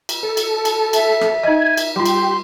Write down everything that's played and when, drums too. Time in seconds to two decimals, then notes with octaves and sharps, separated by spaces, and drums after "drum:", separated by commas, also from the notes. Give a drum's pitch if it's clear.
0.09 drum: cymbal
0.23 A4
0.37 drum: cymbal
0.65 drum: cymbal
0.93 E5, drum: cymbal
1.21 drum: rim click
1.43 D#4 D#5 G#5
1.77 drum: cymbal
1.96 G3 F4 G4 C6
2.06 drum: cymbal